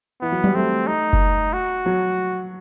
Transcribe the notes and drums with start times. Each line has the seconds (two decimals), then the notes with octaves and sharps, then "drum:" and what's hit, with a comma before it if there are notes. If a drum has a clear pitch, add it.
0.21 E3 B3
0.32 F#3
0.44 G3, drum: tom F#3
0.55 A3 C4
0.87 D#4
1.13 drum: kick F#1
1.53 F#4
1.86 F#3